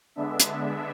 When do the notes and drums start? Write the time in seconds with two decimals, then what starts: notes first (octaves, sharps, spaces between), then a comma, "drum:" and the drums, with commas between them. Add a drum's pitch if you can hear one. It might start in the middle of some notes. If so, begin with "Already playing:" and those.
0.15 D3 G#3 B3 D4 E5
0.40 drum: hi-hat